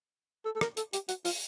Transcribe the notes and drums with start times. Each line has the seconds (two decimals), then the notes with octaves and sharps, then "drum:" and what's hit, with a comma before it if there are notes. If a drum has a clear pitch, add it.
0.45 A4
0.55 A4
0.61 A#4, drum: rim click
0.77 A4, drum: hi-hat
0.93 G4, drum: hi-hat
1.09 F#4, drum: hi-hat
1.25 F4, drum: open hi-hat